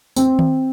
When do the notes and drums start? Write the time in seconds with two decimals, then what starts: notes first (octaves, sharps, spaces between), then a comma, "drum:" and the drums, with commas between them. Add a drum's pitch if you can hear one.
0.16 C4, drum: tambourine
0.39 drum: tom D#3